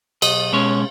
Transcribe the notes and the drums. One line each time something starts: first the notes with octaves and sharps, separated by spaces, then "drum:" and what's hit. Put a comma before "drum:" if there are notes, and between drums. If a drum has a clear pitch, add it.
B1 D#5, drum: cymbal
B2 G#3 C#4 C#5